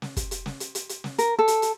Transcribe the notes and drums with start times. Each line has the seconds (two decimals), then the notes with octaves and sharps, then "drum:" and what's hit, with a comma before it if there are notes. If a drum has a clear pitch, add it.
0.02 drum: snare
0.17 drum: kick, hi-hat
0.31 drum: hi-hat
0.46 drum: snare
0.60 drum: hi-hat
0.75 drum: hi-hat
0.89 drum: hi-hat
1.04 drum: snare
1.18 A#4, drum: hi-hat
1.39 A4
1.48 drum: hi-hat
1.62 drum: hi-hat